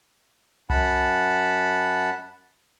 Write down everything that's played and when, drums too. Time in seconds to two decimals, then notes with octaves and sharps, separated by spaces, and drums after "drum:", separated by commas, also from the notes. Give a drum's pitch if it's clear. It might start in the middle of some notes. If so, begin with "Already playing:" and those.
0.70 F#2 F#5 A5 B5, drum: tom C2